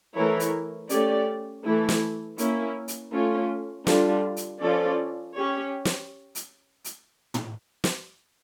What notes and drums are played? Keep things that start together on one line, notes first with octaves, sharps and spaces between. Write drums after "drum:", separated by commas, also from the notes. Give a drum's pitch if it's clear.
E3 A3 E4 A#4 C#5
drum: hi-hat
A3 C#4 G4 D5, drum: hi-hat
E3 A3 E4 A4
drum: snare
A#3 C#4 E4, drum: hi-hat
drum: hi-hat
A3 C#4 F4
D3 G3 D4 F4, drum: snare
drum: hi-hat
F3 C#4 F4 A4 D5
C#4 G4 C#5
drum: snare
drum: hi-hat
drum: hi-hat
drum: tom
drum: snare